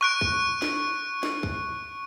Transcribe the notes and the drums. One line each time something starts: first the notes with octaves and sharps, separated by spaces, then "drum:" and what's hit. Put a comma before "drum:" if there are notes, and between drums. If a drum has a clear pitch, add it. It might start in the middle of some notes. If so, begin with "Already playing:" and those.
C#6 F#6 D7
drum: kick
drum: snare
drum: snare
drum: kick